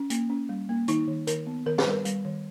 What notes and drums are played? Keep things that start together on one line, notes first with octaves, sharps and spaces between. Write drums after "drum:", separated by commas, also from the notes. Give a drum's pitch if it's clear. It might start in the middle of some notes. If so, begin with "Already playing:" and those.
Already playing: C#4
A#3, drum: hi-hat
C#4
G3
A#3
D#3 D#4, drum: hi-hat
D#3
D#3 A#4, drum: hi-hat
B3
D#3 A#4
B4, drum: snare
G3 A#4
G3, drum: hi-hat
D#3